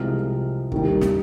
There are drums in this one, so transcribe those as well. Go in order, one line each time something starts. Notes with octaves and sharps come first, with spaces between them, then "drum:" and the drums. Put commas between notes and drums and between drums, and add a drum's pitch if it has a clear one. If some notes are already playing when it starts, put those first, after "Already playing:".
Already playing: C2 C3 F3 G#3 F6
D#2 D#3 G3, drum: kick
drum: snare